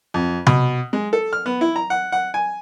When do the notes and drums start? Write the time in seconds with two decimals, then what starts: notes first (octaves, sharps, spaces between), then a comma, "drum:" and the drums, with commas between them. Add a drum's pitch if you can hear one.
0.14 F2
0.46 B2, drum: tom C3
0.93 G#3
1.13 A4
1.33 F6
1.46 B3
1.61 E4
1.76 A#5
1.90 F#5
2.12 F#5
2.34 G#5